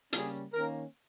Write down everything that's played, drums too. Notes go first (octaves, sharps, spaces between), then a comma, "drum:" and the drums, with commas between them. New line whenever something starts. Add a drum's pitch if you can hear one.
C#3 G3 A#3 C#4 G#4, drum: hi-hat
D#3 A#3 C#4 A#4